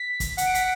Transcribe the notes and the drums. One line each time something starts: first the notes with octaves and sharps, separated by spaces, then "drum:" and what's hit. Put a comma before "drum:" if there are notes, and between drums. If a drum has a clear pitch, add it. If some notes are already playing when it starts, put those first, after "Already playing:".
Already playing: B6
drum: kick, hi-hat
F#5, drum: hi-hat
D7
B6, drum: hi-hat